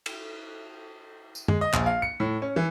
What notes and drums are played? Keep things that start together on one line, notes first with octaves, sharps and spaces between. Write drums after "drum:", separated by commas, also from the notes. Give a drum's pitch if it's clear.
drum: cymbal
drum: tambourine
G#3, drum: tom
D#5
A#1, drum: clap
F5
C#7
A2
C#4
E3